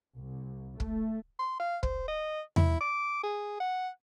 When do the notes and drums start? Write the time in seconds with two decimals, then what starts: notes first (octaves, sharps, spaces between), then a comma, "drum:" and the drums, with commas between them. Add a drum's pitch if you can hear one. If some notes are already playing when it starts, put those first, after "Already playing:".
0.18 C2
0.80 A3, drum: kick
1.39 C6
1.60 F5
1.83 C5, drum: kick
2.08 D#5
2.56 E4, drum: tom E2
2.80 D6
3.23 G#4
3.60 F#5